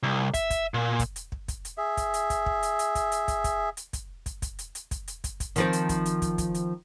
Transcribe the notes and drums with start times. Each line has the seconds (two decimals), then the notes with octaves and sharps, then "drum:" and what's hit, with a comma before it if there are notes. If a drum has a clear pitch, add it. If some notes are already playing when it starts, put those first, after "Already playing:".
0.03 C2
0.34 E5, drum: kick, hi-hat
0.50 drum: kick, hi-hat
0.74 A#2
0.99 drum: kick, hi-hat
1.16 drum: hi-hat
1.32 drum: kick
1.48 drum: kick, hi-hat
1.65 drum: hi-hat
1.77 G#4 E5
1.97 drum: kick, hi-hat
2.14 drum: hi-hat
2.30 drum: kick, hi-hat
2.46 drum: kick
2.63 drum: hi-hat
2.79 drum: hi-hat
2.95 drum: kick, hi-hat
3.12 drum: hi-hat
3.28 drum: kick, hi-hat
3.44 drum: kick, hi-hat
3.77 drum: hi-hat
3.93 drum: kick, hi-hat
4.26 drum: kick, hi-hat
4.42 drum: kick, hi-hat
4.59 drum: hi-hat
4.75 drum: hi-hat
4.91 drum: kick, hi-hat
5.08 drum: hi-hat
5.24 drum: kick, hi-hat
5.40 drum: kick, hi-hat
5.56 D#3 F3 C4, drum: hi-hat
5.73 drum: hi-hat
5.89 drum: kick, hi-hat
6.06 drum: hi-hat
6.22 drum: kick, hi-hat
6.38 drum: kick, hi-hat
6.55 drum: hi-hat